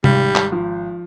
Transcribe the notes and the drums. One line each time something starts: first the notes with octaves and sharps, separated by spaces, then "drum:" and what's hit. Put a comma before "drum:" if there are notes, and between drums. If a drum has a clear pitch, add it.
G#1 G3, drum: tom C3
drum: clap
F3